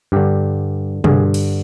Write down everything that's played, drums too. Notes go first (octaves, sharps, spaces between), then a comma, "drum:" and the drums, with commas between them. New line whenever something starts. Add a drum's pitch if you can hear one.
G2 D3 G4
G2 D3 G#4, drum: tom
drum: cymbal